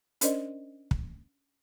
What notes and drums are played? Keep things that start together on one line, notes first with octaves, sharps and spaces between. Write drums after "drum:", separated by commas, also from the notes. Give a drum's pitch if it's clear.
C#4 D4 A#4 C5 D5 D#5, drum: hi-hat
drum: kick